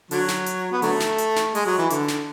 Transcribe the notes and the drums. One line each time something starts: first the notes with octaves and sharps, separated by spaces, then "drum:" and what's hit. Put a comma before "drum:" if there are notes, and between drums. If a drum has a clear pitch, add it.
D3 F#3, drum: open hi-hat
drum: snare
drum: hi-hat
B3
D3 F#3 A3, drum: open hi-hat
drum: snare
drum: hi-hat
drum: snare
G#3, drum: open hi-hat
F#3
E3
D3, drum: hi-hat
drum: snare